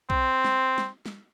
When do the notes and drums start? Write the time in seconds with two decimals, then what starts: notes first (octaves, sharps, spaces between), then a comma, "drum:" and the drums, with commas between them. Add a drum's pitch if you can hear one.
0.10 C4, drum: kick
0.44 drum: snare
0.78 drum: snare
1.06 drum: snare